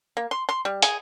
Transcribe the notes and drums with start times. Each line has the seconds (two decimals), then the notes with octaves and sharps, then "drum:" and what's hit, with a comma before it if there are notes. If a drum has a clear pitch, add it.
0.17 A#3
0.31 C6
0.49 C6
0.65 G3
0.82 G#4, drum: hi-hat